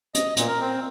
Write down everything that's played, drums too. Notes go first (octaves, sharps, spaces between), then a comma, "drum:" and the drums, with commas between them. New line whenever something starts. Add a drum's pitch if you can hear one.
D#5, drum: hi-hat
A#2, drum: hi-hat
A#4
C4